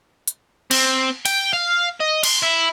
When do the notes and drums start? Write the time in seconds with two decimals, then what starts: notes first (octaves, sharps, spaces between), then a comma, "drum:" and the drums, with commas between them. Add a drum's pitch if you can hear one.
0.28 drum: hi-hat
0.71 C4, drum: cymbal
1.26 G5, drum: cymbal
1.53 F5
2.00 D#5
2.23 C6, drum: cymbal
2.43 E4